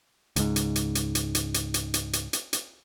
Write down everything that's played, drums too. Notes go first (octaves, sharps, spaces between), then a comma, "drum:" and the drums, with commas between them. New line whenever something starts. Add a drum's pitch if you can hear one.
C#2 G#2, drum: hi-hat
drum: hi-hat
drum: hi-hat
drum: hi-hat
drum: hi-hat
drum: hi-hat
drum: hi-hat
drum: hi-hat
drum: hi-hat
drum: hi-hat
drum: hi-hat
drum: hi-hat